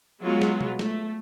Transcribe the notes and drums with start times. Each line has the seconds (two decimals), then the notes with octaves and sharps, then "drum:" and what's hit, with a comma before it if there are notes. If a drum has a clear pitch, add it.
0.22 F#3 G#3 B3 F4
0.41 drum: snare
0.61 drum: tom B2
0.79 A3, drum: snare